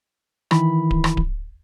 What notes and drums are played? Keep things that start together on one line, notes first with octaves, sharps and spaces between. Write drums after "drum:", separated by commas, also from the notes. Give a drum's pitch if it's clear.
D#3 E3 E4 B5, drum: rim click
drum: kick D1
drum: rim click
drum: kick D1